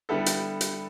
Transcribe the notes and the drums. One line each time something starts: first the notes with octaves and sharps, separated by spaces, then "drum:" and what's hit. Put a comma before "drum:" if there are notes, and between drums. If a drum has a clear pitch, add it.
D3 G3 B3 E4 A4
drum: hi-hat
drum: hi-hat